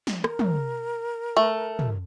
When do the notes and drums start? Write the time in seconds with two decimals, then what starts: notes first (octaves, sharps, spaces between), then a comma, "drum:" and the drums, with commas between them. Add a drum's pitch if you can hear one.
0.07 drum: snare
0.24 A#4, drum: rim click
0.39 drum: tom
1.37 A3
1.79 drum: tom